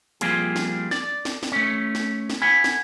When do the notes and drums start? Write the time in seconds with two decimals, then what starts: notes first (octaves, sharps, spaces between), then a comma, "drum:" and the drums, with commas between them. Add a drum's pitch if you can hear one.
0.21 F3 G3 A#3 C4 F4 G#4, drum: hi-hat
0.56 drum: snare
0.91 D5, drum: snare
1.25 drum: snare
1.43 drum: snare
1.52 A3 C#4
1.95 drum: snare
2.30 drum: snare
2.42 F#5 G#5 B5
2.64 drum: snare